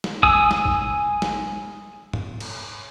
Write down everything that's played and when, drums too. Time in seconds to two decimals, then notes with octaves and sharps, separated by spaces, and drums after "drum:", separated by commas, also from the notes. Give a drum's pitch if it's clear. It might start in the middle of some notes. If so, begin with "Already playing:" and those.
0.04 drum: snare
0.23 G#5 D#6 E6, drum: kick
0.51 drum: snare
0.65 drum: kick
1.22 drum: snare
2.13 drum: tom
2.40 drum: cymbal